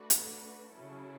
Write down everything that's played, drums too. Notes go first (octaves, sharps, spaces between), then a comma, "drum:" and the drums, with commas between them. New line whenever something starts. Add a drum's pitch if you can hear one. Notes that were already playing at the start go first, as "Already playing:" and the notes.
Already playing: A3 D4 F#4 B4
drum: hi-hat
C#3 F#3 C#4 E4 A4